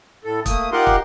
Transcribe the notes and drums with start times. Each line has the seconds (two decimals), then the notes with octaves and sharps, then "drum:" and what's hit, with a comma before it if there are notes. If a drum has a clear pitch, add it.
0.24 A2 A4
0.46 A3 A#3 D#6, drum: kick, hi-hat
0.72 D#4 F4 G4 A#4 F#5 C6
0.87 drum: kick